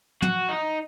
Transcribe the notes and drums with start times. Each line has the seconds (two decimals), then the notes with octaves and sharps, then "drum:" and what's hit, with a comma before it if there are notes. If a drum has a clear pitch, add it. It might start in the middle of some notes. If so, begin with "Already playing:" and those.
0.22 F#4, drum: tom
0.49 D#4